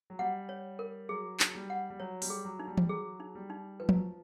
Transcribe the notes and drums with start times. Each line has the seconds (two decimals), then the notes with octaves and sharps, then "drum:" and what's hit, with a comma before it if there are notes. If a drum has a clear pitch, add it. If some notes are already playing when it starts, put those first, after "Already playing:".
0.10 F#3
0.19 G3 F#5
0.49 C#5
0.79 A#4
1.09 F#3 G#4
1.40 D#4, drum: clap
1.55 G3
1.70 F#5
1.90 G3
2.00 F#3 C#5
2.22 G3, drum: open hi-hat
2.30 G#4
2.45 F#3
2.60 D#4
2.67 G3
2.77 drum: tom E3
2.89 F#3 G#4
3.20 D#4
3.35 G3
3.50 D#4
3.80 F3 B4
3.89 F#3, drum: tom
3.96 F3